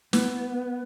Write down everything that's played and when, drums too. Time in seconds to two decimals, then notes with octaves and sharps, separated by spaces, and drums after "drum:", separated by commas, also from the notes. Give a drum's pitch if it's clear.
0.13 B3, drum: snare